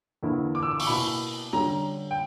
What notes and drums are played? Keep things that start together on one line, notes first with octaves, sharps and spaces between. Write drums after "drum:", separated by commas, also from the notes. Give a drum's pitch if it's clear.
E2 D3 A#3 E4
D6
E6
D6
C#6, drum: open hi-hat
B2 A#3 E4 B5
D3 G3 C#4 A#5
G5